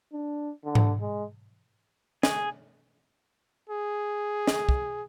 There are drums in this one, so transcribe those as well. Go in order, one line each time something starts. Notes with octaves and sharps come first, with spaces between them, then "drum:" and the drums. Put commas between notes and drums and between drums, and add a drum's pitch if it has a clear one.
D4
D3
drum: tom G#2
G#3
G#4, drum: snare
G#4
drum: snare
drum: kick